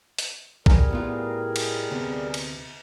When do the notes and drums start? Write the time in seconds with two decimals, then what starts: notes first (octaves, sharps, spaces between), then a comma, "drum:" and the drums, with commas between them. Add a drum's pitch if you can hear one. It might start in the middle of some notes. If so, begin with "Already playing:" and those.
0.18 drum: hi-hat
0.66 G3 G#4 A#4, drum: kick A#1
0.90 A2 B3 F4
1.56 drum: cymbal
1.91 D2 C3 B3
2.34 drum: cymbal